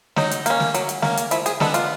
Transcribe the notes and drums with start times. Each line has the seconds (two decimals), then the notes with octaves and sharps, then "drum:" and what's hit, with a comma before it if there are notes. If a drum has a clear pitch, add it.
0.16 F#3 D#4, drum: snare
0.31 drum: hi-hat
0.46 A#3 C#4, drum: hi-hat
0.60 drum: snare
0.74 F#3, drum: hi-hat
0.89 drum: hi-hat
1.02 A#3 C#4, drum: snare
1.17 drum: hi-hat
1.31 F3 E4, drum: hi-hat
1.46 G#4, drum: hi-hat
1.60 G#3 B3 D4 A4, drum: snare
1.74 F4, drum: hi-hat